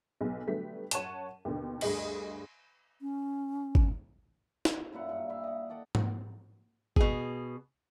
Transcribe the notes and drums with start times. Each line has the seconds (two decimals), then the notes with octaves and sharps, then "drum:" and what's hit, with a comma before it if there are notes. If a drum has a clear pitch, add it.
0.21 B1 B2
0.47 D3 F#3 G3 A3 B3 B6
0.91 F#2 C#5 F#5 A5 D#7 E7, drum: hi-hat
1.45 D#2 B2 D3
1.81 D2 G2 G#4 D#5 F#7, drum: cymbal
3.01 C#4
3.75 drum: kick
4.65 drum: snare
4.92 F#2 A#2 E4 F#5
5.09 G2
5.29 G3 E4 E5 F5
5.44 D#5 F#5
5.69 A4 D5 F#5 G5
5.95 drum: tom G#2
6.96 B2 G#4, drum: kick